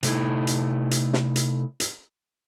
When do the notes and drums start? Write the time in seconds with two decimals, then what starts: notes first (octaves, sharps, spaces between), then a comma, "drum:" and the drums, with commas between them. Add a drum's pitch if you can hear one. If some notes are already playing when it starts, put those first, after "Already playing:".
0.03 C3 A3 D#4 E4, drum: hi-hat
0.47 drum: hi-hat
0.91 drum: hi-hat
1.13 drum: snare
1.36 drum: hi-hat
1.80 drum: hi-hat